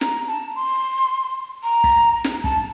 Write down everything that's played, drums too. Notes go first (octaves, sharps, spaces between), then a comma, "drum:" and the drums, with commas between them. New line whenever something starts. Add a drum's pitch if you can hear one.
A#5, drum: snare
A5
C6
A#5
drum: kick
drum: snare
A5, drum: kick